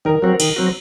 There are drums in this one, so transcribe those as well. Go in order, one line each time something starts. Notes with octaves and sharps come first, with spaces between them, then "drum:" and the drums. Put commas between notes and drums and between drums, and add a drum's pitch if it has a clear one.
D#3 A#4
F#3 C4 F#4
D#3, drum: cymbal
F#3 C4 F#4